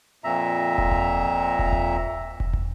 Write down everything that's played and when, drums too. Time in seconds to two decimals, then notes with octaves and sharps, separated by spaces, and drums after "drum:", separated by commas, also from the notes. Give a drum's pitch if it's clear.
0.24 F2 A#2 E5 A#5
0.78 drum: kick
0.92 drum: kick
1.59 drum: kick
1.72 drum: kick
2.40 drum: kick
2.53 drum: kick